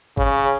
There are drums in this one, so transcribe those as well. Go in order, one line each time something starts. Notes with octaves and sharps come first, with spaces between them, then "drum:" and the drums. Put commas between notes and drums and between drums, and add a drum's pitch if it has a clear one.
C#3, drum: kick G1